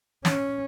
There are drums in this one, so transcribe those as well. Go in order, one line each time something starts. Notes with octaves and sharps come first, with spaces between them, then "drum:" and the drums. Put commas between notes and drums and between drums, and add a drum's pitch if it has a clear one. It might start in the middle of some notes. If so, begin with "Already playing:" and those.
C#4, drum: snare